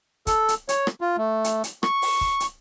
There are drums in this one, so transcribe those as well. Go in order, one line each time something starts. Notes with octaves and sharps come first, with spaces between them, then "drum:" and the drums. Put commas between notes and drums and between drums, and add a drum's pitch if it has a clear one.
A4, drum: kick, hi-hat
drum: hi-hat
C#5, drum: hi-hat
drum: rim click
F4
A3
drum: hi-hat
drum: hi-hat
C#6, drum: rim click
drum: open hi-hat
drum: kick
drum: hi-hat